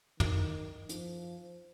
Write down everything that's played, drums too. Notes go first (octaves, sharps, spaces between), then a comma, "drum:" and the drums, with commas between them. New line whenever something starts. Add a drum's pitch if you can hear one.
D#3, drum: tom
F3, drum: hi-hat